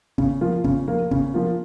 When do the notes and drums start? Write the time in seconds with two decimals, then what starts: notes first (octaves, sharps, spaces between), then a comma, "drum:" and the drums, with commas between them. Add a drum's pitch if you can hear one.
0.18 C#3, drum: kick
0.41 F3 A#3 F4
0.64 C#3, drum: kick
0.88 F3 A#3 F4
1.11 C#3, drum: kick
1.34 F3 A#3 F4